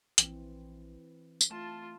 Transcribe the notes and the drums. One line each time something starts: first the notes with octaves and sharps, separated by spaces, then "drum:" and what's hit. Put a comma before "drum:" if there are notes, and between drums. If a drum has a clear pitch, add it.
A#1 E3 C4, drum: hi-hat
drum: tambourine
A3 F4 A5